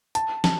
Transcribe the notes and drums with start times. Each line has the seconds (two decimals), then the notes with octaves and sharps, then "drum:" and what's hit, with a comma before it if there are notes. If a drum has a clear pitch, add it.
0.15 A5, drum: hi-hat
0.44 A5, drum: snare